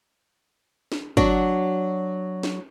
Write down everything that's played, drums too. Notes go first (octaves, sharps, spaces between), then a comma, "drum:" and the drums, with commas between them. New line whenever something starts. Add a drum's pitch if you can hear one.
drum: snare
F#3 D4 F#4, drum: kick
drum: snare